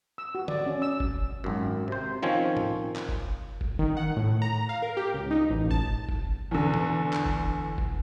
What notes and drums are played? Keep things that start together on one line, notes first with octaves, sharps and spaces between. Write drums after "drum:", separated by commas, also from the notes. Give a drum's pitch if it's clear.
E6
F#4
D5, drum: tom
C#4
E6
drum: kick F#1
G#1 F#2
C3 C5
D#3 F3 C4 C#4 C#5
drum: tom
drum: clap
drum: kick F#1
drum: kick F#1
D#3
F#5
A2
A#5
F5
A#4
G4
C#2
D#4
A1
A5, drum: kick F#1
drum: kick F#1
E2 D3
drum: tom
drum: clap
drum: kick F#1
drum: kick F#1